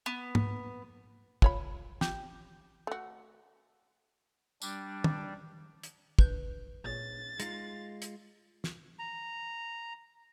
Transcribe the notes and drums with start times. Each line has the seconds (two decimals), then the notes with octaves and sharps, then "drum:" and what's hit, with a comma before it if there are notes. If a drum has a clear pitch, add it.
0.06 B3
0.35 drum: tom G#2
1.42 F4 C#5 B5, drum: kick
2.01 G4, drum: snare
2.87 A3 F#4
4.62 G3 D4, drum: tambourine
5.04 drum: tom
5.83 drum: hi-hat
6.19 D4 B4 G6, drum: kick
6.85 A#2 G#4 C#5 A6
7.40 G#3 D#4 F4 A#6, drum: hi-hat
8.02 drum: hi-hat
8.64 drum: snare
8.99 A#5